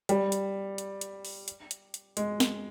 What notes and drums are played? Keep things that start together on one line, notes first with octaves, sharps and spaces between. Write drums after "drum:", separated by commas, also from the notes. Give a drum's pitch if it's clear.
G3, drum: hi-hat
drum: hi-hat
drum: hi-hat
drum: hi-hat
drum: open hi-hat
drum: hi-hat
drum: hi-hat
drum: hi-hat
G#3, drum: hi-hat
drum: snare